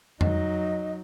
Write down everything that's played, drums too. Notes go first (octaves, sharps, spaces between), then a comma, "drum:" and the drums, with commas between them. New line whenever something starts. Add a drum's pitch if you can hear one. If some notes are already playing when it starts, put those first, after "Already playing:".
F#3 D#4 D#5, drum: tom F2